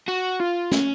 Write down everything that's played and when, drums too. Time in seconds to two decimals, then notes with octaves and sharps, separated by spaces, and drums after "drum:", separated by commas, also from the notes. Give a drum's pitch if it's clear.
0.08 F#4
0.40 F4
0.72 C#4, drum: snare